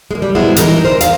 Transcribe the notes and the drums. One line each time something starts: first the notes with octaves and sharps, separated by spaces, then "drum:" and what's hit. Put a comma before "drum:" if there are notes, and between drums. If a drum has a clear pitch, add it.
G#3 A#3
G3
F2 G#3 B3 E4 F#4
E3 G3 D#4 A#4, drum: hi-hat
A#4 C5
E2 F5, drum: hi-hat